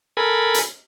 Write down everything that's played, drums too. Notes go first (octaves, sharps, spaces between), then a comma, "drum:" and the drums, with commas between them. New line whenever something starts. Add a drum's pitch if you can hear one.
A4 A#4 G#5 B5
drum: hi-hat